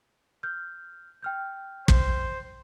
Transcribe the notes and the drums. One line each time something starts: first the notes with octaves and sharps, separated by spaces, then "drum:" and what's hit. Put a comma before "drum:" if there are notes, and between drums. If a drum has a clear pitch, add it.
F6 G6
G5 F6 G6
C5, drum: kick